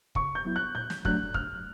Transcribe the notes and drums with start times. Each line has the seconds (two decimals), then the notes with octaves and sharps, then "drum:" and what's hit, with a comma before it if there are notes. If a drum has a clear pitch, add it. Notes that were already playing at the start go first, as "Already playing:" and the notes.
0.15 C#3 C#6, drum: kick
0.35 G6
0.45 F#3 B3 E4
0.56 F#6
0.75 A#2 G6
0.90 drum: snare
1.05 F#3 A3 D4 F#6, drum: kick
1.34 C#2 F6, drum: kick